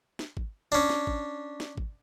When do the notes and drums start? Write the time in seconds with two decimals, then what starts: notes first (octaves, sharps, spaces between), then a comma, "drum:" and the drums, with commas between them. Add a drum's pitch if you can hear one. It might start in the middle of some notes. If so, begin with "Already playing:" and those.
0.19 drum: snare
0.37 drum: kick
0.72 C#4 D4
0.90 drum: snare
1.07 drum: kick
1.60 drum: snare
1.78 drum: kick